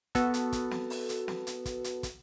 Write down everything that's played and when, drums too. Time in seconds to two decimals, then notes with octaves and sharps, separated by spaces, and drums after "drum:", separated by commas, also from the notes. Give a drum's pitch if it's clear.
0.15 B3 F#4 A4, drum: kick, hi-hat
0.34 drum: hi-hat
0.52 drum: kick, hi-hat
0.71 drum: snare
0.90 drum: open hi-hat
1.09 drum: hi-hat
1.28 drum: snare
1.47 drum: hi-hat
1.66 drum: kick, hi-hat
1.84 drum: hi-hat
2.03 drum: kick, hi-hat